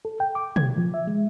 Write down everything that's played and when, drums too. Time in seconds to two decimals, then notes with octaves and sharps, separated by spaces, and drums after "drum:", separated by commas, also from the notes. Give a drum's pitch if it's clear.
0.05 A4
0.20 G5
0.35 D6
0.56 G#6, drum: tom
0.78 F3
0.94 E5
1.07 G#3